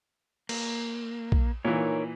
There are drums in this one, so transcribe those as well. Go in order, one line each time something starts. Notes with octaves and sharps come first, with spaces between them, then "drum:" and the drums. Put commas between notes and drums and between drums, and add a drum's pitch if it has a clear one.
A#3, drum: cymbal
drum: kick A#1
A#2 E3 D#4 A#4 C#5